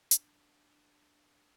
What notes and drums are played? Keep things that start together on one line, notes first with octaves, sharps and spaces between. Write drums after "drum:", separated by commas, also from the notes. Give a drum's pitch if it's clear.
D4, drum: hi-hat